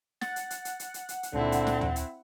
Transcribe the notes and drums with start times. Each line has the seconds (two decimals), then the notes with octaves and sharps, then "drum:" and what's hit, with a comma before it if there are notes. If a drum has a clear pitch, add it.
0.21 F#5 A6, drum: snare
0.36 drum: hi-hat
0.50 drum: hi-hat
0.65 drum: hi-hat
0.80 drum: hi-hat
0.94 drum: hi-hat
1.09 drum: hi-hat
1.23 drum: hi-hat
1.33 C#2 A#2 D3 C4 E4
1.52 drum: hi-hat
1.67 drum: snare
1.81 drum: tom
1.96 drum: hi-hat